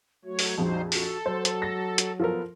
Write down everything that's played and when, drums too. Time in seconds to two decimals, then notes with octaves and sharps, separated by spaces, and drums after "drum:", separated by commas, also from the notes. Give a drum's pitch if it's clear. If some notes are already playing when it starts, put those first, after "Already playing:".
0.25 F#3 A3 F#4 C#5
0.39 drum: open hi-hat
0.58 A#1 F2 G3 D#4 C5
0.92 F#4 A4, drum: open hi-hat
1.26 F#3 C5
1.45 drum: hi-hat
1.62 A#6
1.98 drum: hi-hat
2.20 F3 B3 A4 A#4